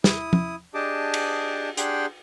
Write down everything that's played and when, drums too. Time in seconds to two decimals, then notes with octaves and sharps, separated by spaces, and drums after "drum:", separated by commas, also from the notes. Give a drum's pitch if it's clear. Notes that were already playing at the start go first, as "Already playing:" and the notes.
0.04 E4 D#6, drum: snare
0.33 drum: tom
0.74 D4 G4 G#4 D#5 A5 D6
1.14 drum: cymbal
1.77 D4 G4 G#4 F#5 G5 C6, drum: hi-hat